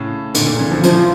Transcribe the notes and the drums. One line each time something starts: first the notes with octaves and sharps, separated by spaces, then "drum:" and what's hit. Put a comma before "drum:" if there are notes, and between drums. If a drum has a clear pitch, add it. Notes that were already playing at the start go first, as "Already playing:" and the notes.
Already playing: A2 C#3
A#2 D3, drum: hi-hat
A#2 D3
C#3 E3
D3 F3
C#3 E3 F3, drum: hi-hat